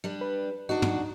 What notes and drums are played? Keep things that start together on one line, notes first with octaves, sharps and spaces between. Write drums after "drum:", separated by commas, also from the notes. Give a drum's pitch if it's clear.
G3 D4
B4
D4 D#4 F#4
drum: tom